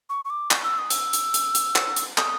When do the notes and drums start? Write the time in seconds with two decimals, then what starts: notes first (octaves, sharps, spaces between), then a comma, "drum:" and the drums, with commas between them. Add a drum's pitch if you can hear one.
0.10 C#6
0.25 C#6
0.30 D6
0.51 drum: clap
0.64 E6
0.78 D#6
0.90 E6, drum: hi-hat
1.13 drum: hi-hat
1.34 drum: hi-hat
1.55 drum: hi-hat
1.76 drum: clap
1.96 drum: hi-hat
2.18 D#6, drum: clap